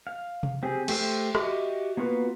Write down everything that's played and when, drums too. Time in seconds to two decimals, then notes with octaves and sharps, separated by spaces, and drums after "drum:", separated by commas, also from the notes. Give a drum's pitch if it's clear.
0.07 F5
0.43 drum: tom C3
0.63 C4 G4 G#4
0.88 A3 G4 C5 E6, drum: cymbal
1.35 F#4 G4 D#5 E5, drum: rim click
1.97 A#3 B3 F4 F#4 B4